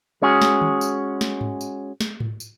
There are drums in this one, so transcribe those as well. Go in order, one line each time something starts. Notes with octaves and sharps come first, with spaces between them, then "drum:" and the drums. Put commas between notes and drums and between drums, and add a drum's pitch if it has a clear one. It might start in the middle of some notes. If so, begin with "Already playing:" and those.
G#3 C#4 F#4 G#4
drum: snare
drum: tom
drum: tambourine
drum: snare
drum: tom G#2
drum: tambourine
drum: snare
drum: tom G#2
drum: tambourine